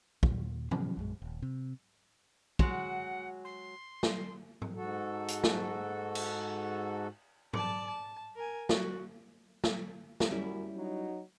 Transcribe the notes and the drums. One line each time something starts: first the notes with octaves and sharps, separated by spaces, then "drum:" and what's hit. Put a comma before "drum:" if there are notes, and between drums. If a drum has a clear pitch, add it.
D#2 A#2, drum: kick
C3 E3 F3 C#4, drum: tom G#2
A#1 F#2 G#3
D#1
C3
F#3 G#3 F#4 F#5, drum: kick
C6
drum: snare
drum: tom G#2
G#2 F#4 A4
drum: hi-hat
drum: snare
drum: cymbal
D5 A5, drum: tom G#2
A5
A#4 G#5
F#4, drum: snare
drum: snare
drum: snare
F#2 G3 C#4 E4
F#3 D#4